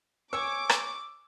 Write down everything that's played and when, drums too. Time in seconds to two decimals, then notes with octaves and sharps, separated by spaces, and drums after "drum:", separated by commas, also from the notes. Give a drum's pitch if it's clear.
0.33 C#5 G#5 C#6 D6 E6
0.69 drum: rim click